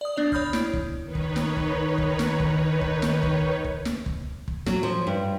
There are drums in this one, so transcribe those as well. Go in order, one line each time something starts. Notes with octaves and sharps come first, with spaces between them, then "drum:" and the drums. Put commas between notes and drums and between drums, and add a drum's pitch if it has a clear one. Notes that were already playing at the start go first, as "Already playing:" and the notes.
D5 D#6
B3 D4 D5 F7
C#5 B5 D#6 F6 G6, drum: kick
E4, drum: snare
drum: kick
D#3 D#4 B4 C#5
drum: kick
drum: snare
drum: kick
drum: kick
drum: snare
drum: kick
drum: kick
drum: snare
drum: kick
drum: kick
drum: snare
drum: kick
drum: kick
F#3, drum: snare
F3
G2